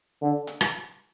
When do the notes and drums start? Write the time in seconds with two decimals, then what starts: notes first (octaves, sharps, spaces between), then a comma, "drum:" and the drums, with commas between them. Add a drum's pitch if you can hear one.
0.22 D3
0.47 drum: hi-hat
0.61 drum: rim click